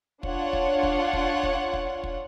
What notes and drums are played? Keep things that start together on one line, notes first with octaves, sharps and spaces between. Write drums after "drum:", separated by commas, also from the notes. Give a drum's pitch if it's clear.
D4 F4 C#5 F#5, drum: kick
drum: kick
drum: kick
drum: kick
drum: kick
drum: kick
drum: kick